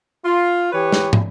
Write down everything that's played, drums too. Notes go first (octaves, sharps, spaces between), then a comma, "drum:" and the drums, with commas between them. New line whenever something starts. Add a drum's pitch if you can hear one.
F4
E3 G4 B4 C#5
drum: snare
drum: tom